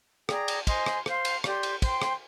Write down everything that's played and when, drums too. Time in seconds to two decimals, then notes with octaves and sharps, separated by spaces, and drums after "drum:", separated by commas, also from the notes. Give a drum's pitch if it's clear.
0.29 G#4 D5 G5 A#5, drum: rim click
0.48 drum: cymbal
0.67 C5 D#5 G#5 C6, drum: kick, cymbal
0.86 drum: rim click
1.06 C5 F5 C6, drum: rim click
1.25 drum: cymbal
1.44 G4 D5 G5 C6, drum: rim click
1.63 drum: cymbal
1.82 C5 G5 C6, drum: kick, cymbal
2.02 drum: rim click